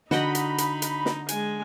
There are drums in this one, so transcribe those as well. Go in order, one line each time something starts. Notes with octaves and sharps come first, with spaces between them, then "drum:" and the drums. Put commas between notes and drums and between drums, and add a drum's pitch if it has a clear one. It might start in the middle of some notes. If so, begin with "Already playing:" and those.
D3 D#4 F#4 D#5 G5 B5, drum: snare
drum: hi-hat
drum: hi-hat
drum: hi-hat
drum: snare
G#3 G#5, drum: hi-hat